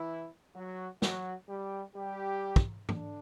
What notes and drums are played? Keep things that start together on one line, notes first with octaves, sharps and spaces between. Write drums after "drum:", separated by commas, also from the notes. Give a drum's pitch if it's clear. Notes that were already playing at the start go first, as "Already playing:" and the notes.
Already playing: E3 E4
F#3 F#4
F#3 F#4, drum: snare
G3 G4
G3 G4
drum: kick
D3 D4, drum: tom G#2